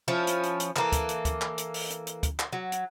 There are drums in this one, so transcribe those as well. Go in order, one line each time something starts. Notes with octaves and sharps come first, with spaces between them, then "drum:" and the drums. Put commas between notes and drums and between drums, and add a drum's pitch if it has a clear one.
F3 C#4 E4
drum: hi-hat
drum: hi-hat
drum: hi-hat
E3 A#3 A4, drum: clap
drum: kick, hi-hat
drum: hi-hat
drum: kick, hi-hat
drum: clap
drum: hi-hat
drum: open hi-hat
drum: hi-hat
drum: hi-hat
drum: kick, hi-hat
drum: clap
F#3
drum: hi-hat